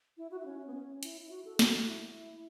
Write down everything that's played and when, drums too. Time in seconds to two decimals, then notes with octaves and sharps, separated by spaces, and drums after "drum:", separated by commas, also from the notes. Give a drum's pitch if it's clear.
0.17 E4
0.31 F#4
0.39 E4
0.45 C#4
0.67 B3
0.74 C#4
1.03 E4, drum: hi-hat
1.21 E4
1.30 F#4
1.45 A4
1.59 F#4, drum: snare
1.82 F#4
1.87 E4